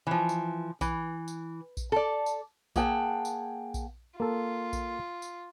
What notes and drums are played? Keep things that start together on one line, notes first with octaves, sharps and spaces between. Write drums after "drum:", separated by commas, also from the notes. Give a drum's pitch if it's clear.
E3 F3
drum: tambourine
E3, drum: kick A#1, tambourine
drum: tambourine
drum: kick A#1, tambourine
A4 D5
drum: tambourine
A#3 G#4 F#5 G5 A5, drum: kick A#1, tambourine
drum: tambourine
drum: kick A#1, tambourine
A#3 F4 A4
drum: kick A#1, tambourine
drum: tambourine